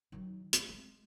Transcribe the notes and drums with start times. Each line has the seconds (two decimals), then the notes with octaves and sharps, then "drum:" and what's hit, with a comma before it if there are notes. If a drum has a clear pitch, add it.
0.12 D#3 F#3
0.53 A3 C4, drum: hi-hat
0.69 G#3